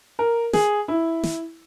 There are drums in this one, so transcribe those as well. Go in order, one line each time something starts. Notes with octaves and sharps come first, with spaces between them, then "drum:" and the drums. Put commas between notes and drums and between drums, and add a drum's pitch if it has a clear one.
A#4
G#4, drum: snare
E4
drum: snare